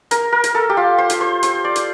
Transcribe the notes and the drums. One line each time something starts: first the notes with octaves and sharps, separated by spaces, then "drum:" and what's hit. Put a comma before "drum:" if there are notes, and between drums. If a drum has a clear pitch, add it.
A#4, drum: hi-hat
A#4
drum: hi-hat
A4
G4
F4
C5
drum: hi-hat
C5
C5, drum: hi-hat
D5
drum: hi-hat